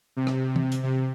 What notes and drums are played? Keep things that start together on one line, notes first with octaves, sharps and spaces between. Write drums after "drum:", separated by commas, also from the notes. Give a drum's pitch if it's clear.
C3
drum: rim click
drum: tom
drum: hi-hat
C3